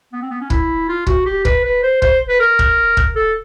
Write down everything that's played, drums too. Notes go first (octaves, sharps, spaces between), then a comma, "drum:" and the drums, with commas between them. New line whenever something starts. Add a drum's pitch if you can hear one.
B3
C4
B3
C#4
E4, drum: kick
F4
F#4, drum: kick
G4
B4, drum: kick
B4
C5
C5, drum: kick
B4
A#4
drum: kick
drum: kick
A4